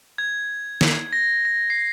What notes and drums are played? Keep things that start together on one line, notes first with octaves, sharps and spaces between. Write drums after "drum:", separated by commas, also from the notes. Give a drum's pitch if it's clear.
G#6
drum: snare
A#6
A#6
C7